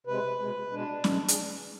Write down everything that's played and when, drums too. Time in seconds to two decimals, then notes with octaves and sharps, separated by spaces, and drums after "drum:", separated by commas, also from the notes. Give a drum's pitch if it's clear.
0.07 C3 G#3 B4
0.39 B2 G#3
0.72 B2 G#3 D4
1.04 B2 G#3, drum: snare C#4
1.28 G#4, drum: hi-hat